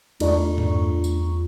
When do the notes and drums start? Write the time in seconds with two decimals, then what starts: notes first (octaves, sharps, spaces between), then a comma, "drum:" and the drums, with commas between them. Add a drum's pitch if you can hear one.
0.20 E2 A3 D4 F4 A#5 C#6, drum: cymbal
0.58 drum: tom G2
1.04 drum: tambourine